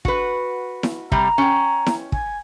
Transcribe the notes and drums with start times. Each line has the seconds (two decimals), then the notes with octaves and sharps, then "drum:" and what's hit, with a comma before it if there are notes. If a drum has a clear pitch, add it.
0.05 F#4 B4, drum: kick
0.83 drum: snare E4
1.12 C3 G3 A#5, drum: kick
1.38 C#4 G5
1.86 drum: snare E4
2.12 G#5, drum: kick